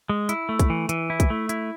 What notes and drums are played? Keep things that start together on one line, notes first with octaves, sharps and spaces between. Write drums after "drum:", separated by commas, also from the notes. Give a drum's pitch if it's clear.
G#3
E4, drum: hi-hat
A3
drum: kick, hi-hat
E3
E3, drum: hi-hat
E4
drum: kick, hi-hat
A3
E4, drum: hi-hat